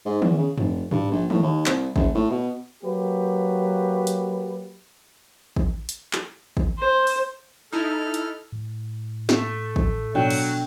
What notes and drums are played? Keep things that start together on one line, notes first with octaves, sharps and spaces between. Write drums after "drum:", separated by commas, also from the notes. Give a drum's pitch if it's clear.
G#2
E2, drum: tom D#3
C#3
F1, drum: tom F#2
G2, drum: tom G#2
A#1
A2, drum: tom D#3
D#2
C2, drum: clap
F#1, drum: kick
A2
B2
F#3 A#3 G4 B4
drum: hi-hat
drum: kick
drum: hi-hat
drum: clap
drum: kick
C5
drum: open hi-hat
D#4 E4 A4 F6
drum: hi-hat
A2
A3, drum: snare
drum: kick
B2 F#3 D4 G5
drum: cymbal